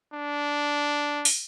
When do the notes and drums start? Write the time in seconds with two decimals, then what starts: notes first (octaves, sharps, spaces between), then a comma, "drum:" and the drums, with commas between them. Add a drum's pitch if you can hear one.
0.13 D4
1.25 drum: open hi-hat